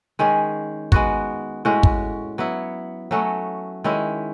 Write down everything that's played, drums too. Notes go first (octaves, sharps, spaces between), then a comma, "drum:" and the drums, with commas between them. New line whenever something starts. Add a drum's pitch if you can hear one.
D#3 G#3 C#4 G#4
G#3 B3 F#4, drum: kick
A2 G#3 C#4 F#4
drum: kick
F#3 B3 E4
F#3 A3 C#4 F#4
D#3 G#3 C#4 E4